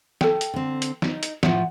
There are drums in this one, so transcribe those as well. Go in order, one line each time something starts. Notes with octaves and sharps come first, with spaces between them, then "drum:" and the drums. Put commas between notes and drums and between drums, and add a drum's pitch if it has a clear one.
A4 G5, drum: snare
drum: hi-hat
D3 C4
drum: hi-hat
D#4, drum: snare
drum: hi-hat
A2 F3 F#5, drum: snare